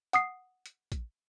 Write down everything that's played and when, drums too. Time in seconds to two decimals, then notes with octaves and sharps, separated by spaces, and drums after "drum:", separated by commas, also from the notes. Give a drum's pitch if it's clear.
0.13 F#5 D#6 C7, drum: hi-hat
0.66 drum: hi-hat
0.92 drum: kick, hi-hat